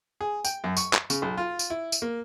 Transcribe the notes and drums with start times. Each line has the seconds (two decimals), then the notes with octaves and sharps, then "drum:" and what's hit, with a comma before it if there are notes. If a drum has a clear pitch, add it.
0.21 G#4
0.45 G5, drum: tambourine
0.64 F#2
0.77 C#6, drum: tambourine
0.93 drum: clap
1.10 C#3, drum: tambourine
1.22 B1
1.37 F4
1.59 drum: tambourine
1.70 E4
1.92 drum: tambourine
2.02 A#3